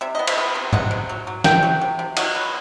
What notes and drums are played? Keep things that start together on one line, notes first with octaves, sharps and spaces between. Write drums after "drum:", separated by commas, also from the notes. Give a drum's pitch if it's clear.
C3 E5
B3 D#5
C5 E5, drum: cymbal
B3
C3
C3 D#5 F#5, drum: tom G#2
C3
F#3
F#3
C3 E5 G5, drum: snare
F#3
C3
C3
F#3 D#5 F#5, drum: cymbal
B3